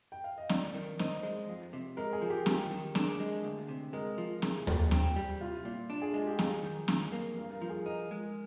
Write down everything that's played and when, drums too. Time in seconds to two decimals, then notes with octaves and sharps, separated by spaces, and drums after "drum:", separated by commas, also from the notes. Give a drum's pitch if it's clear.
0.12 G5
0.24 F5
0.38 D#5
0.49 F2 D5, drum: snare C4
0.74 D#3
0.99 D#4 C5, drum: snare C4
1.23 G#3
1.49 F2
1.73 C3
1.97 G#3 A#4
2.13 G#4
2.22 F3
2.30 G4
2.46 D#2 G4, drum: snare C4
2.71 D#3
2.95 D4 G#4, drum: snare C4
3.20 G#3
3.44 D2
3.68 C3
3.93 G#3 A#4
4.18 F3
4.42 C2 G#4, drum: snare C4
4.67 A#2, drum: tom D#2
4.91 C4, drum: snare C4
5.16 G3
5.41 C2 F4
5.65 A#2
5.90 D4
6.02 G#4
6.14 G#3 F4
6.27 G4
6.39 F2 G#4, drum: snare C4
6.63 D#3
6.88 F2, drum: snare C4
7.12 A#3
7.37 G2 A#4
7.53 A#4
7.62 F3
7.70 G#4
7.86 D#4 A#4
8.11 G#3